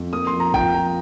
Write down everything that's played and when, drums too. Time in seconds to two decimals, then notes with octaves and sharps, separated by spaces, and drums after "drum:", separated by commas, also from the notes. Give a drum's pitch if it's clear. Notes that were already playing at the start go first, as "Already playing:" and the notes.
Already playing: F2
0.13 A#3 D#6
0.27 C6
0.33 F3
0.40 A#5
0.54 F3 G5, drum: kick
0.74 F3 A#5